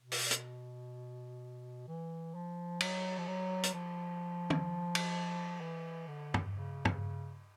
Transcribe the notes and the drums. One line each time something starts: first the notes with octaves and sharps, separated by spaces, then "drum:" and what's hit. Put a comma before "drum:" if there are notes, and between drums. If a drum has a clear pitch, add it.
B2
drum: open hi-hat
drum: hi-hat
E3
F3
F#3, drum: cymbal
F3
F#3
drum: hi-hat
F3
drum: tom
drum: cymbal
E3
D3
drum: tom
C#3
drum: tom